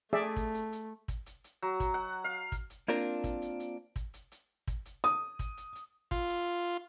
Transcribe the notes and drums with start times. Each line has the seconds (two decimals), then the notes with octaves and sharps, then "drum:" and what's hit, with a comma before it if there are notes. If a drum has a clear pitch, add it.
0.13 A3 G#4 D5 E5
0.36 drum: kick, hi-hat
0.54 drum: hi-hat
0.72 drum: hi-hat
1.08 drum: kick, hi-hat
1.26 drum: hi-hat
1.44 drum: hi-hat
1.62 F#3
1.80 drum: kick, hi-hat
1.94 F#5
2.24 F5
2.52 drum: kick, hi-hat
2.70 drum: hi-hat
2.88 A#3 C4 D4 F4 A#4, drum: hi-hat
3.24 drum: kick, hi-hat
3.42 drum: hi-hat
3.60 drum: hi-hat
3.96 drum: kick, hi-hat
4.14 drum: hi-hat
4.32 drum: hi-hat
4.68 drum: kick, hi-hat
4.85 drum: hi-hat
5.04 D#6, drum: hi-hat
5.39 drum: kick, hi-hat
5.57 drum: hi-hat
5.75 drum: hi-hat
6.11 F4, drum: kick, hi-hat
6.29 drum: hi-hat